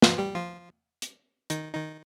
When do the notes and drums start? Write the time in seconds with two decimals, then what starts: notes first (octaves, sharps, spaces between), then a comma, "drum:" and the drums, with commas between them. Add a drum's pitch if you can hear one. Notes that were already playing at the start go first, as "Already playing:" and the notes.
0.02 F3 F4, drum: snare
0.18 G3 G4
0.35 F3 F4
1.02 drum: hi-hat
1.50 D#3 D#4, drum: hi-hat
1.74 D#3 D#4